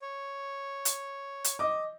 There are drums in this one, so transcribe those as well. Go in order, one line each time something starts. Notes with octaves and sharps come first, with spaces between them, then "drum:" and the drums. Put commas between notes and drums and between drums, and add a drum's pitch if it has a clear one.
C#5
drum: hi-hat
drum: hi-hat
D#5 D6